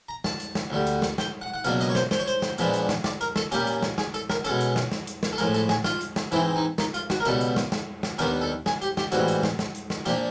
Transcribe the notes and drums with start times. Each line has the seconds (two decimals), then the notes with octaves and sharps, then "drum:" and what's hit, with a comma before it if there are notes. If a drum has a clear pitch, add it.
0.09 A#5
0.24 A5, drum: snare
0.40 drum: hi-hat
0.55 drum: snare
0.70 D2 D3 G3
0.86 drum: hi-hat
1.02 drum: snare
1.18 G5, drum: snare
1.41 F#5
1.54 F#5
1.64 C#2 B2 F#3 A#3 D4 F5, drum: hi-hat
1.81 D#5, drum: hi-hat
1.90 C#5
1.95 C5, drum: snare
2.11 C5, drum: snare
2.20 C#5
2.27 C5, drum: hi-hat
2.42 drum: snare
2.58 A#2 F3 G#3 B3 D4, drum: hi-hat
2.73 drum: hi-hat
2.89 drum: snare
3.04 D5, drum: snare
3.21 A#4, drum: hi-hat
3.36 A4, drum: snare
3.52 A#2 G3 A#3 C#4 G4, drum: hi-hat
3.67 drum: hi-hat
3.82 drum: snare
3.98 G#4, drum: snare
4.14 A4, drum: hi-hat
4.30 A#4, drum: snare
4.44 B2 G#3 C#4 A4, drum: hi-hat
4.60 drum: hi-hat
4.76 drum: snare
4.92 drum: snare
5.07 drum: hi-hat
5.23 drum: snare
5.33 A4
5.38 A2 F3 G#3 A#4, drum: hi-hat
5.54 A4, drum: hi-hat
5.69 G#4, drum: snare
5.84 F4, drum: snare
6.01 drum: hi-hat
6.16 drum: snare
6.32 G#2 E3 G#3 C4 E4, drum: hi-hat
6.56 D#4
6.78 D#4, drum: snare
6.94 F4, drum: hi-hat
7.10 F#4, drum: snare
7.20 A#4
7.25 C#2 B2 G3 A4, drum: hi-hat
7.41 drum: hi-hat
7.56 drum: snare
7.72 drum: snare
8.03 drum: snare
8.18 D#2 D#3 G3 B3 D4 A#4, drum: hi-hat
8.42 A4
8.66 G#4, drum: snare
8.82 G4, drum: hi-hat
8.97 G4, drum: snare
9.12 A1 G#2 E3 G3 C4 F#4, drum: hi-hat
9.28 drum: hi-hat
9.43 drum: snare
9.59 drum: snare
9.75 drum: hi-hat
9.90 drum: snare
10.05 A#2 F3 A#3 D4 G4, drum: hi-hat